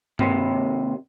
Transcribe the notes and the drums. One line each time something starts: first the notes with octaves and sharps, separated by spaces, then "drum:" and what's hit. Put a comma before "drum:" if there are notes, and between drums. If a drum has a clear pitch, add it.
D#2 C3, drum: tom G2